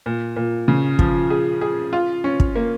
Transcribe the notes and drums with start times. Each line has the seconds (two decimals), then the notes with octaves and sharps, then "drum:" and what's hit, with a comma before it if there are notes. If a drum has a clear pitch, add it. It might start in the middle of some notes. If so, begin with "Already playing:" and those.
0.06 A#2
0.36 A#2
0.68 C#3
0.99 F3, drum: kick
1.30 G#4
1.61 G#4
1.93 F4
2.24 C#4
2.40 drum: kick
2.56 A#3